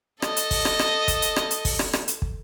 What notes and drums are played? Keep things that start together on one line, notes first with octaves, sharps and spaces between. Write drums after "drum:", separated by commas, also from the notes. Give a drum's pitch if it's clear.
A4 D#5, drum: rim click
drum: hi-hat
drum: kick, open hi-hat
drum: rim click
drum: rim click
drum: kick, hi-hat
drum: hi-hat
drum: rim click
drum: hi-hat
drum: kick, open hi-hat
drum: rim click
drum: rim click
drum: hi-hat
drum: kick